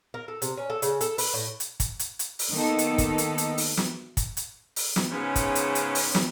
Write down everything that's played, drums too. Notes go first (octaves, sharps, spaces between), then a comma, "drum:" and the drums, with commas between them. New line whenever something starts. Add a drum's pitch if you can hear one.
A#4
A4
C3, drum: hi-hat
C#4
A4
C#3, drum: hi-hat
A4, drum: hi-hat
B4, drum: open hi-hat
A2
drum: hi-hat
drum: kick, hi-hat
drum: hi-hat
drum: hi-hat
drum: open hi-hat
D#3 A#3 B3 D#4 A4
drum: hi-hat
drum: kick, hi-hat
drum: hi-hat
drum: hi-hat
drum: open hi-hat
drum: snare
drum: kick, hi-hat
drum: hi-hat
drum: open hi-hat
drum: snare
G#2 C#3 B3 C#4
drum: kick, hi-hat
drum: hi-hat
drum: hi-hat
drum: open hi-hat
drum: snare